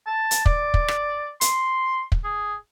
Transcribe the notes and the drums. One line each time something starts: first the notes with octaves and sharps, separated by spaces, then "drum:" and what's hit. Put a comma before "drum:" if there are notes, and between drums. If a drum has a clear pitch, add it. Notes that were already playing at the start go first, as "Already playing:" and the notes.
A5
drum: hi-hat
D5, drum: kick
drum: kick
drum: rim click
C6, drum: hi-hat
drum: kick
G#4